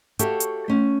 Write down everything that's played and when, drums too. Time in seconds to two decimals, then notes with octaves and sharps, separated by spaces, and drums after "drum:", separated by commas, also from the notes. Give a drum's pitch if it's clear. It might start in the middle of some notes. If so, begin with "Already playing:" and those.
0.19 F#4 G4 A4 C#5 E5 F5, drum: hi-hat
0.40 drum: hi-hat
0.68 A3 C#4